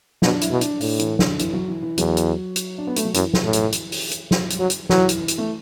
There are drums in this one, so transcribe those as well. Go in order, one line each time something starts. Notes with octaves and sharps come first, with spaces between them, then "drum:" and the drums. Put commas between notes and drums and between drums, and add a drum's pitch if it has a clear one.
B2 D4, drum: snare
E4, drum: hi-hat
B2
D4, drum: hi-hat
A2 D4, drum: open hi-hat
E3, drum: hi-hat
D3, drum: snare
E3, drum: hi-hat
F#3
E3
E3
E2 F#3, drum: hi-hat
drum: hi-hat
drum: hi-hat
D4
B3
A3, drum: hi-hat
F#3
F#2 E3, drum: hi-hat
drum: snare
A2
drum: hi-hat
drum: hi-hat
drum: open hi-hat
drum: hi-hat
drum: snare
drum: hi-hat
F#3
drum: hi-hat
E3 F#3, drum: snare
drum: hi-hat
drum: hi-hat
A3